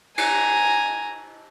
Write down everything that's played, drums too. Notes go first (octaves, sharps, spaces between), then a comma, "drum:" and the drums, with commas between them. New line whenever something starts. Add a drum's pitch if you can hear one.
G#5 A#5, drum: cymbal